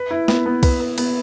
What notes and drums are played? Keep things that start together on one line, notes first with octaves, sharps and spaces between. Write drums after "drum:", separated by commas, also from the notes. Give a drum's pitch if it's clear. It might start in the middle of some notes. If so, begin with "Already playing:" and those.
Already playing: B4
E4
B3, drum: snare
B3
B4, drum: kick, cymbal
B4
B3, drum: cymbal